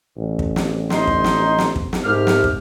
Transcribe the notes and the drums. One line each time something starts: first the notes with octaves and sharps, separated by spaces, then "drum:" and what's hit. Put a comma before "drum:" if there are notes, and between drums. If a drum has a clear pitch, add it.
A1
drum: kick
drum: snare
D#4 C6, drum: snare
drum: kick
drum: snare
drum: snare
drum: kick
drum: snare
C2 G#2 G4 F6
drum: snare
drum: kick